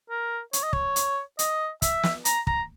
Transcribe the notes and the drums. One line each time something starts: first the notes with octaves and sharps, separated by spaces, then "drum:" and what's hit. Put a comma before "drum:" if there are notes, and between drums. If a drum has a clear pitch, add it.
A#4
C#5, drum: hi-hat
D#5
C#5, drum: kick
drum: hi-hat
D#5, drum: hi-hat
E5, drum: kick, hi-hat
drum: snare
A#5, drum: hi-hat
A#5, drum: kick